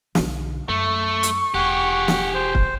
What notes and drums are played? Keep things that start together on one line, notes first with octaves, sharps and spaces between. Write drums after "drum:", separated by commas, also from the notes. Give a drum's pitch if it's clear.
B1 D3, drum: snare
F#2 A3 C#6
drum: hi-hat
E1 G4 G#4 F#5
drum: snare
C5
drum: kick